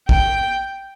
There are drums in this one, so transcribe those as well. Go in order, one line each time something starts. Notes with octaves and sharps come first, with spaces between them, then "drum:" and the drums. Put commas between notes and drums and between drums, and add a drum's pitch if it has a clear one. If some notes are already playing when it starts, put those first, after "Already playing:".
G5, drum: kick